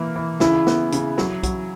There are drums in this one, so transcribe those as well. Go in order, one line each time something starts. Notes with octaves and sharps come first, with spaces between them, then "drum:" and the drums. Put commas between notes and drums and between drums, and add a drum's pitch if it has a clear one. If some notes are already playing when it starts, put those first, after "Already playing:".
Already playing: E3 A#3
E3
C#3 E4, drum: snare
B3, drum: snare
C#3, drum: hi-hat
F#3, drum: snare
F#3, drum: kick B1, hi-hat